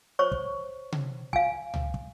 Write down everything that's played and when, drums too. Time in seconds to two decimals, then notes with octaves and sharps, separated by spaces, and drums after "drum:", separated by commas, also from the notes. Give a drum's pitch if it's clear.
0.19 C5 C#5 C#6
0.32 drum: kick
0.92 drum: tom C3
1.33 F5 G#5, drum: kick
1.74 drum: tom C#2
1.94 drum: kick